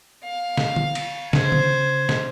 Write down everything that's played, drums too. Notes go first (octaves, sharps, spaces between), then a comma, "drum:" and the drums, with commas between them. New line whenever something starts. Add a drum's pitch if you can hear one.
F5
drum: snare
drum: tom
drum: cymbal
C#3 C5 G#6, drum: snare
drum: tom
drum: snare